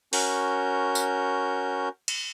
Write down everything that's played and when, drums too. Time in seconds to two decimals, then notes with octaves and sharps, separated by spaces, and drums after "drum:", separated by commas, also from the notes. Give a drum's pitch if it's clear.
0.13 C#4 F#4 A#4 G6, drum: open hi-hat
0.95 drum: tambourine
2.08 drum: cymbal